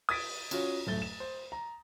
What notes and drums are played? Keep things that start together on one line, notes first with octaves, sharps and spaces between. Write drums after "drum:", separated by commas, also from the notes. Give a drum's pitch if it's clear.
D#6 G#6 A6 B6 D7, drum: cymbal
C#4 F4 F#4 C#5, drum: cymbal
D1 F#2 A3 A6 G7
E7
C5
A#5